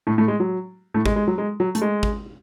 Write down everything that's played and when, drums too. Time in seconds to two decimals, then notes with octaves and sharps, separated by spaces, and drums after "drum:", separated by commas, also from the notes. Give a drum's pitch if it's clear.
0.07 A2 A3
0.18 A2 A3
0.28 G#3
0.40 F#3
0.94 A2 A3
1.06 G#3, drum: kick
1.16 G#3
1.27 F#3
1.38 G#3
1.60 F#3
1.75 A3, drum: hi-hat
1.82 G#3
2.03 drum: kick